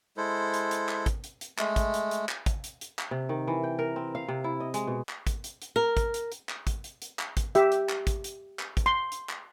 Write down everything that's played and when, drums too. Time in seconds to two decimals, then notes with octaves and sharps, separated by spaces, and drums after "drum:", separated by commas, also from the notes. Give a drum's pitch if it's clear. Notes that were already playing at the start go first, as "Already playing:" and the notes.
0.17 G#3 E4 A4 C5
0.54 drum: hi-hat
0.71 drum: hi-hat
0.89 drum: clap
1.06 drum: kick, hi-hat
1.24 drum: hi-hat
1.41 drum: hi-hat
1.58 G#3 A3, drum: clap
1.76 drum: kick, hi-hat
1.94 drum: hi-hat
2.11 drum: hi-hat
2.29 drum: clap
2.46 drum: kick, hi-hat
2.64 drum: hi-hat
2.81 drum: hi-hat
2.99 drum: clap
3.11 C3
3.29 D#3
3.48 E3
3.64 G5
3.79 A#4
3.96 C4
4.15 F5
4.28 C3
4.44 E4
4.60 D#5
4.74 G#3, drum: hi-hat
4.87 B2
5.09 drum: clap
5.27 drum: kick, hi-hat
5.44 drum: hi-hat
5.62 drum: hi-hat
5.76 A#4
5.97 drum: kick, hi-hat
6.14 drum: hi-hat
6.32 drum: hi-hat
6.49 drum: clap
6.67 drum: kick, hi-hat
6.84 drum: hi-hat
7.02 drum: hi-hat
7.19 drum: clap
7.37 drum: kick, hi-hat
7.55 G4 E5, drum: hi-hat
7.72 drum: hi-hat
7.89 drum: clap
8.07 drum: kick, hi-hat
8.24 drum: hi-hat
8.59 drum: clap
8.77 drum: kick, hi-hat
8.86 C6
9.12 drum: hi-hat
9.29 drum: clap